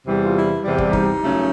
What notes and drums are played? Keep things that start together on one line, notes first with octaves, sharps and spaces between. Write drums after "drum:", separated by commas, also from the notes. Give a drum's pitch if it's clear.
E2 C3 E3 G3
F4
E4
E2 C3 E3 G3
drum: kick
D#4, drum: kick
F#2 C#3 F#3 A3 C#4